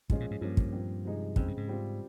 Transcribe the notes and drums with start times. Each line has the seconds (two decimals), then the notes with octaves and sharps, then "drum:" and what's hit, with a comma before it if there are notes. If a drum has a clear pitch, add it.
0.10 G2 F3 G#3 C#4 F4, drum: kick
0.20 A#2
0.31 G#2
0.41 G2 F3 A#3 C#4
0.57 drum: kick
0.72 A#2 F3 C4
1.05 C3 F3 G#3 D#4
1.36 F2 C#3 G#3 C4, drum: kick
1.48 G2
1.57 G#2
1.68 G3 C4 F4